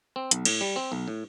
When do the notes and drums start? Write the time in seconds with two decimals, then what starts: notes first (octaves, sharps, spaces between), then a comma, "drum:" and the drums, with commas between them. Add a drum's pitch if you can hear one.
0.16 C4
0.31 B1, drum: hi-hat
0.45 A2, drum: cymbal
0.61 G3
0.76 C4
0.92 B1
1.08 A2